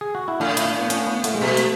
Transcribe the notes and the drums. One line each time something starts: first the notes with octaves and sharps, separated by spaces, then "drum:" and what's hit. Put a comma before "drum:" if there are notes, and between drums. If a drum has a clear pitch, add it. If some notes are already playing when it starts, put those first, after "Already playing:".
G#4
F#4
E4
A2 D4
E4, drum: hi-hat
D4
B3
C#4, drum: hi-hat
B3
A3, drum: hi-hat
G#3
B2 A3
drum: hi-hat